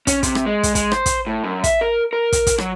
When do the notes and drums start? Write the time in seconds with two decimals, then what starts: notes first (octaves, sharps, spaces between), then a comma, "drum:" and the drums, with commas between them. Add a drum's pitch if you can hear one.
0.07 C#4, drum: kick, hi-hat
0.23 C3, drum: kick, hi-hat
0.35 drum: rim click
0.46 G#3
0.63 drum: kick, hi-hat
0.75 G#3, drum: kick, hi-hat
0.92 C5, drum: rim click
1.06 drum: kick, hi-hat
1.27 A2
1.44 F#2
1.64 E5, drum: kick, hi-hat
1.81 A#4
2.13 A#4
2.32 drum: kick, hi-hat
2.47 drum: kick, hi-hat
2.58 F#3, drum: rim click